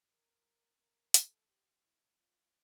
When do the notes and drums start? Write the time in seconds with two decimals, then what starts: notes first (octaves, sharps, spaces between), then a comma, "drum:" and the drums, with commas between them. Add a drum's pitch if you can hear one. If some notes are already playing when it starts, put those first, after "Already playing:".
0.10 A#4
0.80 A#4
1.14 A4, drum: hi-hat
1.48 G4
1.83 E4
2.18 F4